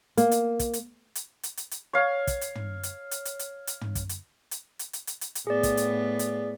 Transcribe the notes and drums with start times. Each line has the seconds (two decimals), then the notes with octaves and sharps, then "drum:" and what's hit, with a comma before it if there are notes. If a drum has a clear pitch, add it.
0.17 A#3, drum: hi-hat
0.31 drum: hi-hat
0.59 drum: kick, hi-hat
0.73 drum: hi-hat
1.15 drum: hi-hat
1.43 drum: hi-hat
1.57 drum: hi-hat
1.71 drum: hi-hat
1.93 C#5 F5
2.27 drum: kick, hi-hat
2.41 drum: hi-hat
2.55 drum: tom
2.83 drum: hi-hat
3.11 drum: hi-hat
3.25 drum: hi-hat
3.39 drum: hi-hat
3.67 drum: hi-hat
3.81 drum: tom
3.95 drum: kick, hi-hat
4.09 drum: hi-hat
4.51 drum: hi-hat
4.79 drum: hi-hat
4.93 drum: hi-hat
5.07 drum: hi-hat
5.21 drum: hi-hat
5.35 drum: hi-hat
5.47 A2 B3 G#4 D5
5.63 drum: kick, hi-hat
5.77 drum: hi-hat
6.19 drum: hi-hat